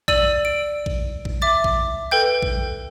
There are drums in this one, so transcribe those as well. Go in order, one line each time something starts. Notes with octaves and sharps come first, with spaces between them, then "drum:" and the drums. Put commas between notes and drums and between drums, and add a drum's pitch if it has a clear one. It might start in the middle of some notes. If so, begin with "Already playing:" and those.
D5 E6 D#7 F#7, drum: kick A#1
D7
drum: kick A#1
drum: kick A#1
E5 D6 A6
drum: kick A#1
A4 B4 G5 G6
drum: kick A#1